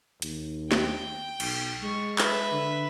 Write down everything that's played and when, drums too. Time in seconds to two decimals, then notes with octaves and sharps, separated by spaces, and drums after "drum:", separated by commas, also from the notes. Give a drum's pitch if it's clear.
0.22 D#2, drum: hi-hat
0.72 G5, drum: snare
1.40 B1, drum: cymbal
1.83 G#3 C#6
2.18 B4 E5, drum: clap
2.52 D3